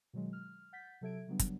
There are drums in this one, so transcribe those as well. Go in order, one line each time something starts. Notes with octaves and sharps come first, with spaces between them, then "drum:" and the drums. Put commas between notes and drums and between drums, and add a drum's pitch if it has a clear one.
B2 D#3 F#3 G#3
F6
F#5 G6 A6 B6
C3 F#3 A4 E5 G#6 D7
C#3 F#3 G3 B3 D4
drum: kick, hi-hat